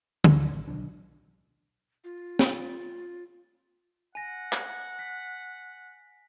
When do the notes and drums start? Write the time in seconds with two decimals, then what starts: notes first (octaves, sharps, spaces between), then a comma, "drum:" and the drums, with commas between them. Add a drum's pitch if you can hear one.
0.24 D2, drum: tom D3
0.48 A1
0.68 B1 B2 F#3 D4
2.04 F4
2.39 drum: snare
4.15 F#5 G#5 A#6
4.53 drum: clap
4.99 B6